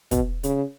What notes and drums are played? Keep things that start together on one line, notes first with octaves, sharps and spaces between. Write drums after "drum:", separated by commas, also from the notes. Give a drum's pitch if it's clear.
B2, drum: kick, hi-hat
C#3, drum: hi-hat